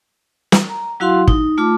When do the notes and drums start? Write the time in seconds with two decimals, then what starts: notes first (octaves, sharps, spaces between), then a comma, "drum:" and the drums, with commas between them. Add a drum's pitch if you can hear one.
0.52 drum: snare
0.69 A#5
1.00 F#3 E4 F#4 F5 F#5 C6
1.28 D#4, drum: kick
1.58 A3 F4 A5 D6